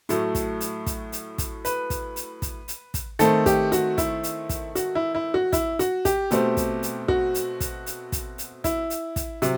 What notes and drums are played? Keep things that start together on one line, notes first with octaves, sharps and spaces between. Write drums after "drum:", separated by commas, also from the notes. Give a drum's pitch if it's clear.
A2 F#3 A3, drum: hi-hat
drum: kick, hi-hat
drum: hi-hat
drum: kick, hi-hat
drum: hi-hat
drum: kick, hi-hat
B4, drum: hi-hat
drum: kick, hi-hat
drum: hi-hat
drum: kick, hi-hat
drum: hi-hat
drum: kick, hi-hat
D#3 A3 C4 A4, drum: hi-hat
G4, drum: kick, hi-hat
F#4, drum: hi-hat
E4, drum: kick, hi-hat
drum: hi-hat
drum: kick, hi-hat
F#4, drum: hi-hat
E4
E4
F#4
E4, drum: kick, hi-hat
F#4, drum: hi-hat
G4, drum: kick, hi-hat
B2 A3 C4, drum: hi-hat
drum: kick, hi-hat
drum: hi-hat
F#4, drum: kick
drum: hi-hat
drum: kick, hi-hat
drum: hi-hat
drum: kick, hi-hat
drum: hi-hat
E4, drum: kick, hi-hat
drum: hi-hat
drum: kick, hi-hat
C3 F#3, drum: hi-hat